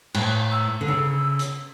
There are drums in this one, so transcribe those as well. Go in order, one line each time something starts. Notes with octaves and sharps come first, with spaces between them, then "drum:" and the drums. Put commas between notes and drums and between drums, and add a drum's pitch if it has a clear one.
A2 F#6, drum: cymbal
E6
D3
C#3 E6
drum: hi-hat